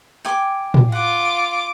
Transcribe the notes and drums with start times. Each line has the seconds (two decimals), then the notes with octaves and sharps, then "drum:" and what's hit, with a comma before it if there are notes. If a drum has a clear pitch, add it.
0.25 G5 G#5 D6
0.74 drum: tom A2
0.92 F4 F#5 D6